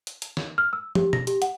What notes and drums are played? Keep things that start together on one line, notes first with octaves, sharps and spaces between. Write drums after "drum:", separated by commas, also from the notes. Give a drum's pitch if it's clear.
drum: hi-hat
drum: hi-hat
drum: snare
F6
E6
G4, drum: tom
A#6, drum: tom B2
G4, drum: hi-hat
F#5, drum: hi-hat